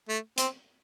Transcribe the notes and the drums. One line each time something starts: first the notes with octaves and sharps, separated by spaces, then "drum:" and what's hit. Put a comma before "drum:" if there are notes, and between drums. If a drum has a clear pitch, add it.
A3
C4, drum: hi-hat